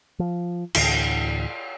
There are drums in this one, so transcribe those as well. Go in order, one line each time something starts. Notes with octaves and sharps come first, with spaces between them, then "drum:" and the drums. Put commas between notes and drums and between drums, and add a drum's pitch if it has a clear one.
F3
D2 A2 D3 E3, drum: cymbal